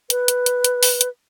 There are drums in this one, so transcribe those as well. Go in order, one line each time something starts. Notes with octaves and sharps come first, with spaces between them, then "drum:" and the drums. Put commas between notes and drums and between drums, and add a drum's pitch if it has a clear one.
B4, drum: hi-hat
drum: hi-hat
drum: hi-hat
drum: hi-hat
drum: open hi-hat
drum: hi-hat